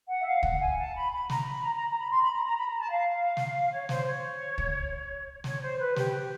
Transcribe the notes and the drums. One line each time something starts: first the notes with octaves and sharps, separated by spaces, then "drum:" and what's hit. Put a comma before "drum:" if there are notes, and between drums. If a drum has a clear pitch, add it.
F#5
E5
F5
F#5, drum: kick
G#5
A5
B5
B5
A#5, drum: snare
B5
A#5
A#5
A#5
B5
C6
B5
A#5
A#5
B5
A#5
A5
F5
drum: snare
C#5
C5, drum: snare
C#5
drum: kick
C#5, drum: snare
C5
B4
G4, drum: snare